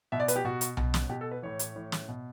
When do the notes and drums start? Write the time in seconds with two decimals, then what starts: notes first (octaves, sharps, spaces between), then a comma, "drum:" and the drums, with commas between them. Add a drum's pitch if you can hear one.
0.12 B2 E5
0.20 D5
0.28 B4, drum: hi-hat
0.36 G4
0.44 B2 F#4
0.61 drum: hi-hat
0.77 B2, drum: tom B1
0.94 drum: snare
1.10 B2 G4
1.21 A4
1.31 B4
1.42 A2 E3 C#5
1.59 drum: hi-hat
1.76 A2 E3
1.92 drum: snare
2.08 B2